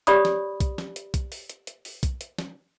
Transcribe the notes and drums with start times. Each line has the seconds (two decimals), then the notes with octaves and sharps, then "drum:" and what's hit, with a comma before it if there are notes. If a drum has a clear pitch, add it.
0.07 G4 C#5 D5 B5 D#6, drum: hi-hat
0.25 drum: snare
0.60 drum: kick B1, hi-hat
0.78 drum: snare
0.96 drum: hi-hat
1.14 drum: kick B1, hi-hat
1.32 drum: open hi-hat
1.49 drum: hi-hat
1.67 drum: hi-hat
1.85 drum: open hi-hat
2.03 drum: kick B1, hi-hat
2.21 drum: hi-hat
2.38 drum: snare